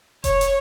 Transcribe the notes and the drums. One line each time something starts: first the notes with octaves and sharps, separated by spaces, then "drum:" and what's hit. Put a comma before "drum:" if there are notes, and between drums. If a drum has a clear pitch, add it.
C#5, drum: kick F1, hi-hat
drum: hi-hat